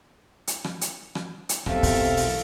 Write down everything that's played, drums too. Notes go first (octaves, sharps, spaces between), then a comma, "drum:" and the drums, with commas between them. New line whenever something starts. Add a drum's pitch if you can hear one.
drum: hi-hat
drum: rim click
drum: hi-hat
drum: rim click
drum: hi-hat
E1 B1 C3 A4 E5 F5, drum: rim click
drum: kick, open hi-hat
drum: open hi-hat